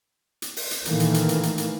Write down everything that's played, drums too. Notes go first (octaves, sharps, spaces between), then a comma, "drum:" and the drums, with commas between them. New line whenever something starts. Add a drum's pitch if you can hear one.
drum: hi-hat
drum: open hi-hat
drum: hi-hat
A#2 D#3 E3 A3 A#3, drum: hi-hat
drum: hi-hat
drum: hi-hat
drum: hi-hat
drum: hi-hat
drum: hi-hat